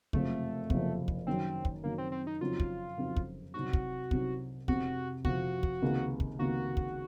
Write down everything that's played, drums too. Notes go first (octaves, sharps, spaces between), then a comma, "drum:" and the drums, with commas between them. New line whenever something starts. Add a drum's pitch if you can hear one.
F#1 F2 C3 F3 A3, drum: kick
F#1 F2 C3 F3, drum: kick
drum: kick
F#2 D#3 F#3 C4
drum: kick
F#2 D#3 F#3 A#3
C4
C4
D#4
F2 C#3 F#3 C4 D#4 F4
drum: kick
F2 C#3 F#3 C4 D#4
drum: kick
C2 C3 F#3 C4 D#4 F#4
drum: kick
C2 C3 F#3 C4 D#4, drum: kick
F1 F2 C3 F3 F#4, drum: kick
F1 F2 C3 F3 F#4, drum: kick
drum: kick
C#2 C3 D#3 A#3
drum: kick
C#2 C3 D#3 A#3 F#4
drum: kick